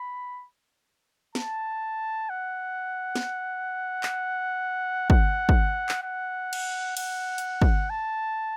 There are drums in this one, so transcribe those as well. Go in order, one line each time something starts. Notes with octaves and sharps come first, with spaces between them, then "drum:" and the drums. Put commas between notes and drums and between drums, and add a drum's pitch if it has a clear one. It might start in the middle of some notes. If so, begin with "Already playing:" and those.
Already playing: B5
A5, drum: snare
F#5
drum: snare
drum: clap
F#5, drum: kick
drum: kick
drum: clap
F#5
drum: cymbal
F#5, drum: cymbal
drum: hi-hat
drum: kick
A5